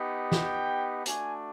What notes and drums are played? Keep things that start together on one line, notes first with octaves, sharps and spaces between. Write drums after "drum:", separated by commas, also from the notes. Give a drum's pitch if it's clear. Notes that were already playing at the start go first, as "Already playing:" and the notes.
Already playing: B3 D#4 G4
G5, drum: snare
A3 D4 F#4 G#5, drum: hi-hat